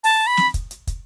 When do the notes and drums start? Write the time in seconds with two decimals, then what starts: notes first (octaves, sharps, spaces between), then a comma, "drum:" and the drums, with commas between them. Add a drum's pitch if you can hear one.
0.04 A5, drum: open hi-hat
0.27 B5
0.37 drum: snare
0.54 drum: kick, hi-hat
0.71 drum: hi-hat
0.87 drum: kick, hi-hat